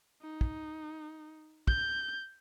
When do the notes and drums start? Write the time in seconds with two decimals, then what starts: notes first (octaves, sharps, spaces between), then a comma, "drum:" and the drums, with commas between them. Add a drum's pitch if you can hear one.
0.22 D#4
0.41 drum: kick
1.68 G6, drum: kick